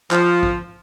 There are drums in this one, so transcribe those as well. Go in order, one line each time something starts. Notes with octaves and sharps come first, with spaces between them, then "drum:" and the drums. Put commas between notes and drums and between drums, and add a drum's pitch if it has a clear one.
F3, drum: clap
drum: kick A1